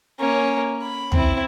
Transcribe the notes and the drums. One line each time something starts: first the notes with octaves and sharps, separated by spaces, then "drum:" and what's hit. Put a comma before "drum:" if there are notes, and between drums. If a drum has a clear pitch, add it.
A#3 C#4
B5
C4 E4, drum: tom